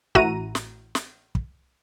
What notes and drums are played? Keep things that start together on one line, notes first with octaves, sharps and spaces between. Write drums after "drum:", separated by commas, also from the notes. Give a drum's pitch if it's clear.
A1 E4 F#4 A#5 D#7, drum: kick
drum: snare
drum: snare
drum: kick